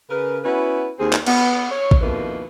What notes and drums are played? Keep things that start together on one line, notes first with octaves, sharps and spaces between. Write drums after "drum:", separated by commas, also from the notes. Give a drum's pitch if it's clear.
C#3 A#4 B4
B3 C#4 E4 F#4 B4
D#2 C4 G#4
drum: clap
B3, drum: cymbal
C#5
drum: kick A1
F2 B2 D#3 A#3 E4 B4